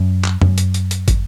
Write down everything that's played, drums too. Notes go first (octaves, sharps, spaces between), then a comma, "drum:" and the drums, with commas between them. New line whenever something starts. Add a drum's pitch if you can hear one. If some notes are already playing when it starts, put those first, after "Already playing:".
Already playing: F#2
drum: clap
F#2, drum: tom F2
drum: hi-hat
drum: hi-hat
drum: hi-hat
drum: kick, hi-hat